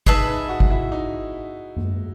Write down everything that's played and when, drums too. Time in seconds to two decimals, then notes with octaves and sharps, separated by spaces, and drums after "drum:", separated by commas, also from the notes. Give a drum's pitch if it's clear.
0.06 D#4 G#4 B4 E5 A5, drum: kick
0.28 D#4
0.49 F#4
0.60 drum: kick
0.70 E4
0.92 D#4
1.77 drum: tom F#2